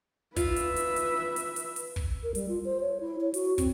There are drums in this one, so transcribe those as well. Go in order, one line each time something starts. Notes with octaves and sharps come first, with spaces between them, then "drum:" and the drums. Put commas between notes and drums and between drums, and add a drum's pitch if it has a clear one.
F4 B4 E5, drum: kick, hi-hat
drum: hi-hat
drum: hi-hat
drum: hi-hat
drum: hi-hat
drum: hi-hat
drum: hi-hat
drum: kick
A#4
G3, drum: hi-hat
F4
C5
C#5
E4
C#5
F#4, drum: hi-hat
C4, drum: kick, hi-hat